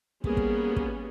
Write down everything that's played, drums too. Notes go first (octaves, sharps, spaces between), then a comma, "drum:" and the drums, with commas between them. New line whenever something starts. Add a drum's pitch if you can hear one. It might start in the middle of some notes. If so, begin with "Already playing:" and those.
G3 A#3 B3 C#4 G#4, drum: kick
drum: kick
drum: kick